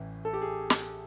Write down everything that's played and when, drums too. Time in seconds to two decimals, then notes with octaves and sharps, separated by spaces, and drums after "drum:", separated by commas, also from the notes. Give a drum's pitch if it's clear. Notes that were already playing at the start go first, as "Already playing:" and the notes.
Already playing: A1 A2 E3
0.25 A4
0.33 G4
0.42 G#4
0.70 drum: snare